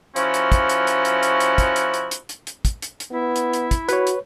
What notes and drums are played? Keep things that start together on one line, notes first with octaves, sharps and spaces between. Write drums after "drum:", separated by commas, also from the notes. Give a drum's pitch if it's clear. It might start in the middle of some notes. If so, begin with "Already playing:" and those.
F3 C#4 E4 F#4 A#4, drum: hi-hat
drum: hi-hat
drum: kick, hi-hat
drum: hi-hat
drum: hi-hat
drum: hi-hat
drum: hi-hat
drum: hi-hat
drum: kick, hi-hat
drum: hi-hat
drum: hi-hat
drum: hi-hat
drum: hi-hat
drum: hi-hat
drum: kick, hi-hat
drum: hi-hat
drum: hi-hat
B3 E4
drum: hi-hat
drum: hi-hat
drum: kick, hi-hat
F#4 B4 C#5, drum: hi-hat
drum: hi-hat